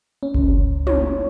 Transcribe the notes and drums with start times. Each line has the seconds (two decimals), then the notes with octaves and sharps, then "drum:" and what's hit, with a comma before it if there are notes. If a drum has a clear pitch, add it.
0.23 C#4
0.35 C#2, drum: kick F#1
0.87 C#5, drum: tom